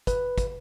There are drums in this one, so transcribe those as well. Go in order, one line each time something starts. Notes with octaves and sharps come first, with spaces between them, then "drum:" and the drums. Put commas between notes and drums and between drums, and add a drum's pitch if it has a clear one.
B4, drum: kick, hi-hat
drum: kick, hi-hat